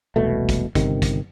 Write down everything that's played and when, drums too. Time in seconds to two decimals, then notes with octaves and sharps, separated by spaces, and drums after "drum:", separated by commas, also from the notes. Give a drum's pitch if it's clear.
0.16 E1 C2 B2 A3
0.49 drum: kick, hi-hat
0.75 G1 C3 D#3, drum: kick, hi-hat
1.02 drum: kick, hi-hat